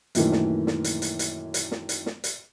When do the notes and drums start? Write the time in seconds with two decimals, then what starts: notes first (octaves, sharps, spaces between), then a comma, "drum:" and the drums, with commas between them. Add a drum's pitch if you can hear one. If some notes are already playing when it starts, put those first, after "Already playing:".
0.15 F#2 A#2 D#3 E3 A3, drum: hi-hat
0.32 drum: snare
0.67 drum: snare
0.84 drum: hi-hat
1.02 drum: hi-hat
1.19 drum: hi-hat
1.54 drum: hi-hat
1.71 drum: snare
1.89 drum: hi-hat
2.06 drum: snare
2.24 drum: hi-hat